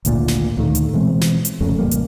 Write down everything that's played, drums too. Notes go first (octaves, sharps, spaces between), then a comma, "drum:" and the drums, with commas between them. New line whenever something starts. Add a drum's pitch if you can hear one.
G#1 D2 A#2, drum: hi-hat
drum: snare
D2 A#2 D#3 A3
drum: hi-hat
B2 E3 G#3 C4
drum: snare
drum: hi-hat
F1 F2 C#3 A3
A1 G3 A#3
drum: hi-hat